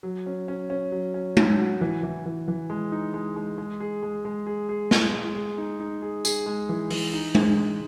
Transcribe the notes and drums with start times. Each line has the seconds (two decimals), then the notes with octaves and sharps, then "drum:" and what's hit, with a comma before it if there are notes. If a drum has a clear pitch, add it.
0.03 F#3
0.26 C#4
0.48 C#4
0.70 C#4
0.92 F#3
1.14 C#4
1.37 F#3, drum: tom G#3
1.59 F#4
1.81 E3
2.03 E3
2.26 E3
2.48 E3
2.70 G#3
2.92 D#4
3.14 G#3
3.36 G#3
3.58 G#3
3.80 G#4
4.03 G#3
4.25 G#3
4.47 G#4
4.69 G#4
4.91 G#3, drum: snare
5.14 G#3
5.35 G#4
5.58 D#4
5.80 D#4
6.02 G#4
6.25 G#4, drum: tambourine
6.46 G#3
6.69 E3
6.90 E3, drum: open hi-hat
7.13 D#4
7.35 G#4, drum: tom G#3
7.57 G#3